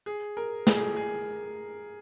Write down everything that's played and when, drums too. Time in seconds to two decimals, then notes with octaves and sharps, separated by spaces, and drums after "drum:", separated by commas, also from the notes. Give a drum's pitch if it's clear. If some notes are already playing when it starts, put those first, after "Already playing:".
0.06 G#4
0.37 A#4
0.67 G#4, drum: snare
0.96 G#4